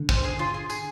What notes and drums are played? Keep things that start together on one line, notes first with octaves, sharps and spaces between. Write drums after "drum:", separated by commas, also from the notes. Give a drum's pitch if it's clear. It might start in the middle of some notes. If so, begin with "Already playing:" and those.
Already playing: D3
C5, drum: kick
G#4
F4
G#4
G#4, drum: tambourine